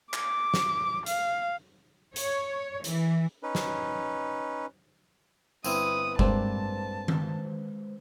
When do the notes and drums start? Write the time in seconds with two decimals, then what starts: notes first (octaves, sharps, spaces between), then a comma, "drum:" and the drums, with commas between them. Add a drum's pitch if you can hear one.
0.13 D6, drum: clap
0.54 drum: snare
1.06 F5, drum: hi-hat
2.16 C#5, drum: hi-hat
2.84 E3, drum: hi-hat
3.43 C#4 D#4 B4
3.55 drum: snare
5.64 G1 C4 E4 B4 D#6, drum: tambourine
6.19 G2 G#3 A#3 C4 D4 B4 C5 A5, drum: kick F#1
7.08 drum: tom D#3